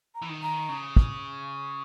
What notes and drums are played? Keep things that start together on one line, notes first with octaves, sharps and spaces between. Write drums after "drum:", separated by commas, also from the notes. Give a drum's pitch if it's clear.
A#5
E3
D#3
A#5
C#3
drum: kick